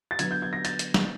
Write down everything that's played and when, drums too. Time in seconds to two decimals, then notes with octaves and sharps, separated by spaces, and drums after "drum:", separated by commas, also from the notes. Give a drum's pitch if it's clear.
0.11 A6
0.19 D3 F#3 B3 G#6, drum: hi-hat
0.31 G6
0.42 G#6
0.53 A#6
0.65 A6, drum: hi-hat
0.79 drum: hi-hat
0.94 drum: snare